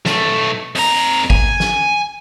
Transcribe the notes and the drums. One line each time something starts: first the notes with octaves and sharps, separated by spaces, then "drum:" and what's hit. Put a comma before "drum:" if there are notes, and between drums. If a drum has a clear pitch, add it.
B1 A3, drum: snare
F2 A#5, drum: open hi-hat
G#5, drum: kick
drum: snare